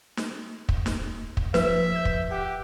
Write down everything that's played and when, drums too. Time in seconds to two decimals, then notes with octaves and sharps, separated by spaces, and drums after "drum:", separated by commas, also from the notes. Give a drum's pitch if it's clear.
0.17 drum: snare
0.69 drum: kick
0.86 drum: snare
1.37 drum: kick
1.54 F3 B4 E5, drum: snare
1.96 G6
2.05 drum: kick
2.31 G4 F#5